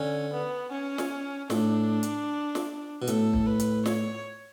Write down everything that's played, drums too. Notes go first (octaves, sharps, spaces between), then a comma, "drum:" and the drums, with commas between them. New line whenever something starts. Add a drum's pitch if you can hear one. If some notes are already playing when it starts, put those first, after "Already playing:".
Already playing: D3 C#4
B3
C#4
drum: snare
A2 D4, drum: snare
drum: hi-hat
drum: snare
B2
A2 A4, drum: hi-hat
drum: kick
B4
drum: hi-hat
C#5, drum: snare